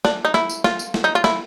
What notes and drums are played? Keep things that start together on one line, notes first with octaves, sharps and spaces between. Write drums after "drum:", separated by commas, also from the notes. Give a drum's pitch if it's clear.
D4, drum: snare
D#4
E4, drum: snare
drum: tambourine
F4, drum: snare
drum: tambourine
drum: snare
D#4
F4
E4, drum: snare